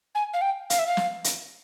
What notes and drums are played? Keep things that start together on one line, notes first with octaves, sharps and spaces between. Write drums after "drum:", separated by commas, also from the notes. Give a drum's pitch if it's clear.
G#5
F5
G5
F5, drum: hi-hat
E5
F5
drum: snare
drum: hi-hat